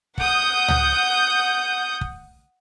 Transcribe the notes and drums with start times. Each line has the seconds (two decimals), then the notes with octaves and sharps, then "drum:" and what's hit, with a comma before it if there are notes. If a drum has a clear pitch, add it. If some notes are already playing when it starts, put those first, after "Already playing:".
0.18 F#5 D#6 G6, drum: kick
0.68 drum: tom C#2
2.01 drum: kick